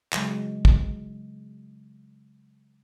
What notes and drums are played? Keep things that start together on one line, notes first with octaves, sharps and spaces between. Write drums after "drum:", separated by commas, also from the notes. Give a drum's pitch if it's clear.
C#3 F#3 G#3, drum: clap
drum: kick